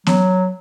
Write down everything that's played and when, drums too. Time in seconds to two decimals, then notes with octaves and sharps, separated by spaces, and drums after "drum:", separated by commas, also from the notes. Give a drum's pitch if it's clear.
0.07 F#3, drum: snare B3